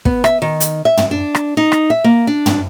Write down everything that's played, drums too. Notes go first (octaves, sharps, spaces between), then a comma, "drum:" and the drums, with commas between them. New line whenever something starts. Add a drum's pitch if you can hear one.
B3, drum: kick
E5, drum: rim click
D#3
drum: hi-hat
E5
drum: tom
D4
drum: rim click
D#4
drum: rim click
E5
A#3
D4
drum: tom